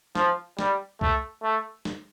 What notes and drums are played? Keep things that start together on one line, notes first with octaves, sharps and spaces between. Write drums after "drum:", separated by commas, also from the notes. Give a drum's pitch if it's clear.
F3, drum: snare
G3, drum: snare
A3, drum: kick C2
A3
drum: snare